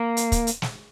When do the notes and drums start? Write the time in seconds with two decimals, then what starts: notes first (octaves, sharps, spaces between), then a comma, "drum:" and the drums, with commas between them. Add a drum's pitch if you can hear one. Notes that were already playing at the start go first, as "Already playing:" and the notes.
Already playing: A#3
0.17 drum: hi-hat
0.32 drum: kick, hi-hat
0.47 drum: hi-hat
0.62 drum: snare